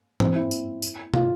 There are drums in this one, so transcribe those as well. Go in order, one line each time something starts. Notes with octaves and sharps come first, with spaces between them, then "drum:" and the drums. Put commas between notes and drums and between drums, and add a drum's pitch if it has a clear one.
C4, drum: tom
E4
drum: tambourine
drum: tambourine
F4, drum: tom